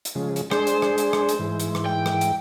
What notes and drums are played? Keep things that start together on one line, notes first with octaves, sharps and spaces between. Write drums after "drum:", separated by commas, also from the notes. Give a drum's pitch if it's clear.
drum: hi-hat
C#3 F3 G#3
drum: hi-hat
G#3 D4 G#4 C5, drum: rim click
drum: hi-hat
drum: rim click
drum: hi-hat
drum: rim click
drum: hi-hat
G#2 E3
drum: hi-hat
drum: rim click
G5
drum: rim click
drum: hi-hat